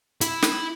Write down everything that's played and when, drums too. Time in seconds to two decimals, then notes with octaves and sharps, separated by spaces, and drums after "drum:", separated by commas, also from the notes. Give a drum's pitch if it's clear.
0.21 E4, drum: hi-hat
0.42 drum: snare